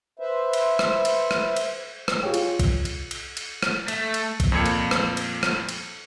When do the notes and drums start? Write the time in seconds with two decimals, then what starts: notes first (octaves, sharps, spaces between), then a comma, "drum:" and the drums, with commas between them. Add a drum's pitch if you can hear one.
0.19 B4 C5 E5
0.53 drum: cymbal
0.79 drum: rim click
1.05 drum: cymbal
1.31 drum: rim click
1.56 drum: cymbal
2.08 drum: rim click
2.23 F4 G4 G#4 C#5 G5
2.34 drum: cymbal
2.59 drum: kick, cymbal
2.85 drum: cymbal
3.11 drum: cymbal
3.37 drum: cymbal
3.63 drum: rim click
3.88 A3, drum: cymbal
4.14 drum: cymbal
4.40 drum: kick, cymbal
4.52 F2 A#2 G#6 C#7
4.66 drum: cymbal
4.91 drum: rim click
5.17 drum: cymbal
5.43 drum: rim click
5.69 drum: cymbal